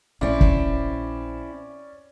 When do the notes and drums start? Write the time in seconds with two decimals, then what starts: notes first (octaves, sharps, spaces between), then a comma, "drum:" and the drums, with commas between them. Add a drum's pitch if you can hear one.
0.21 A#1 C4 C#4 E4 D5 D6
0.41 drum: kick